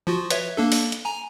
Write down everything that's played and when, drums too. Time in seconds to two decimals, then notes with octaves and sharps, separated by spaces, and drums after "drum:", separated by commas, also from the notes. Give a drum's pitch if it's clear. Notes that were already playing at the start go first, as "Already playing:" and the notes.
0.07 F3 F4 F#4
0.31 B4 C#5 E5, drum: hi-hat
0.57 A#3 D4 A4
0.72 drum: open hi-hat
0.92 drum: hi-hat
1.05 G#5 A#5